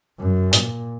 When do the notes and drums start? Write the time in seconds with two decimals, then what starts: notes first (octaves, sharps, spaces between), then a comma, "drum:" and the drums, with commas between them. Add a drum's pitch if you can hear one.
0.19 F#2
0.53 A#2, drum: hi-hat